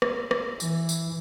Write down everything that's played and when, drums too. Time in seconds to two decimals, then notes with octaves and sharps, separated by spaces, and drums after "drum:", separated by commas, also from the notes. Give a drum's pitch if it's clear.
0.02 drum: rim click
0.31 drum: rim click
0.60 E3, drum: tambourine
0.89 drum: tambourine